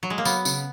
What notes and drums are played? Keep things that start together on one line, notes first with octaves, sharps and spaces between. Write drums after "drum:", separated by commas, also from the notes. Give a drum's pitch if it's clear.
F#3
G#3
A#3
F#3 B3, drum: tambourine
C#3, drum: tambourine